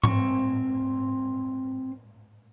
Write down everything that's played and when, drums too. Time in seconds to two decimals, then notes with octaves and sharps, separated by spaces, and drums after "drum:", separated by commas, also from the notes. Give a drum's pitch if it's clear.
0.03 C4 C#6, drum: tom G#2